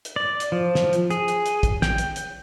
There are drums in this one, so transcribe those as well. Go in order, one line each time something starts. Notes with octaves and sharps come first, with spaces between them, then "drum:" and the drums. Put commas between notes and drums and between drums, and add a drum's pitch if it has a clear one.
drum: hi-hat
D5
drum: hi-hat
F3
drum: snare
drum: hi-hat
G#4, drum: hi-hat
drum: hi-hat
drum: hi-hat
drum: kick, hi-hat
G5, drum: snare
drum: hi-hat
drum: hi-hat